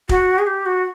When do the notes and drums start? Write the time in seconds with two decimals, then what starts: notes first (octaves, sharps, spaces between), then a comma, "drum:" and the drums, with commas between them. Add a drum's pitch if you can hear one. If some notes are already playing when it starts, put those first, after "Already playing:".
0.09 F#4, drum: kick
0.39 G#4
0.47 G4
0.66 F#4